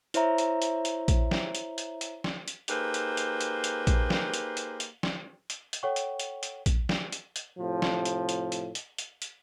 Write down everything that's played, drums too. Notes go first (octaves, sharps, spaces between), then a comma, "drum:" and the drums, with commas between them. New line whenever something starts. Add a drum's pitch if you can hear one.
E4 C5 C#5 E5 A#5, drum: hi-hat
drum: hi-hat
drum: hi-hat
drum: hi-hat
drum: kick A#1, hi-hat
drum: snare
drum: hi-hat
drum: hi-hat
drum: hi-hat
drum: snare
drum: hi-hat
A#3 D#4 G4 G#4 B4 C5, drum: hi-hat
drum: hi-hat
drum: hi-hat
drum: hi-hat
drum: hi-hat
drum: kick A#1, hi-hat
drum: snare
drum: hi-hat
drum: hi-hat
drum: hi-hat
drum: snare
drum: hi-hat
drum: hi-hat
A4 C#5 F#5 G5 C#6
drum: hi-hat
drum: hi-hat
drum: hi-hat
drum: kick A#1, hi-hat
drum: snare
drum: hi-hat
drum: hi-hat
A2 C3 F3
drum: snare
drum: hi-hat
drum: hi-hat
drum: hi-hat
drum: hi-hat
drum: hi-hat
drum: hi-hat